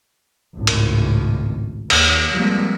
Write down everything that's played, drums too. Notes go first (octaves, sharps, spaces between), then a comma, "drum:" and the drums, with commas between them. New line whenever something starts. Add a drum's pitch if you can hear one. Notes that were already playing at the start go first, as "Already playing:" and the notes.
G#1 C#2 A2
drum: cymbal
D#2, drum: cymbal
F3 G3 G#3 A#3 C4